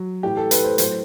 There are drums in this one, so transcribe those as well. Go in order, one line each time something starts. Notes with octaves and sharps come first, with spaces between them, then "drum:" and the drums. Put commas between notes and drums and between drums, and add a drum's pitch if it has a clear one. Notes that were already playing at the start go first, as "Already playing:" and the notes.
Already playing: F#3
A2 E3 G4
A4
B4, drum: hi-hat
C5
A2 F#3 C5, drum: hi-hat